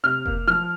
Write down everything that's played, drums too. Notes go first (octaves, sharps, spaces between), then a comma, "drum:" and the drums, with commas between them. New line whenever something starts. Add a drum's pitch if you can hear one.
C3 F6
A#3, drum: kick F1
F3 F6